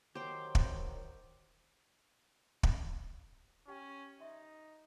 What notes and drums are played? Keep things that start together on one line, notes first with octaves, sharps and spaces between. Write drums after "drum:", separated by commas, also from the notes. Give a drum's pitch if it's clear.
D#3 F#3 G4 C5 G5
drum: kick
drum: kick
C#4 G4 G5 G#5
D#4 E5 C6